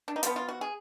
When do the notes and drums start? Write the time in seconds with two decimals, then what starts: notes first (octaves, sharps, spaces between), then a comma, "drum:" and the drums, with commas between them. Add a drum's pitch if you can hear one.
0.08 D4
0.16 D#4
0.23 F3 B3 F4, drum: hi-hat
0.36 F4
0.49 F#4
0.61 G#4